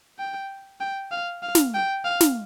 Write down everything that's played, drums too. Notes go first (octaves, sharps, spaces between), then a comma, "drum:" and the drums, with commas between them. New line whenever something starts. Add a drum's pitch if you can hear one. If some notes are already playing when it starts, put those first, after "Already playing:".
G5
G5
F5
F5
drum: snare
G5
F5
drum: snare